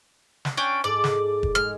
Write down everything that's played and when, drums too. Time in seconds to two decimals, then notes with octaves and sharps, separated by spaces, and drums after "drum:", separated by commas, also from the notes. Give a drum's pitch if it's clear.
0.45 drum: snare
0.57 C#4 D4 G5
0.84 G#2 A4 D5
1.04 drum: snare
1.43 drum: kick
1.55 G#3 F6